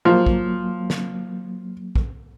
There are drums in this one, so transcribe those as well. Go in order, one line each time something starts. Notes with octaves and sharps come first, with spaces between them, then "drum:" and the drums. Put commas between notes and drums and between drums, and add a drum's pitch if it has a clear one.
F3 F#3 A#3
drum: kick
drum: snare
drum: kick